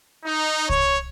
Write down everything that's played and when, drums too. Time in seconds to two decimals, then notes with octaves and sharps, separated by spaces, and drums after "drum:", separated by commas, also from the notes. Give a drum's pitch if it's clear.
0.25 D#4
0.70 C#5, drum: kick C2